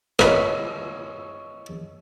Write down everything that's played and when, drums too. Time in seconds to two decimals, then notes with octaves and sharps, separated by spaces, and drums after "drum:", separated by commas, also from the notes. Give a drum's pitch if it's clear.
0.19 A#4 B4 C#5 D#5, drum: rim click